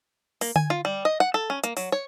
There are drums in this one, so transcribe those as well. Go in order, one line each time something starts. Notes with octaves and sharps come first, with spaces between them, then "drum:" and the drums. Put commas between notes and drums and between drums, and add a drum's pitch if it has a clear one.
A#3, drum: open hi-hat
G#5, drum: tom D3
F4
G3
D#5
F#5
A4
C#4
A#3, drum: hi-hat
F#3, drum: open hi-hat
C#5